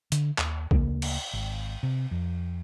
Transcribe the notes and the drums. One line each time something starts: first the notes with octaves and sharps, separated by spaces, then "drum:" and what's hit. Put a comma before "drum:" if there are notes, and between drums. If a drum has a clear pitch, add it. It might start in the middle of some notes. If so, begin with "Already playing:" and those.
D3, drum: hi-hat
D#2, drum: clap
D2 C#3 E3 A#3, drum: kick A#1
drum: cymbal
G#1
C3
F2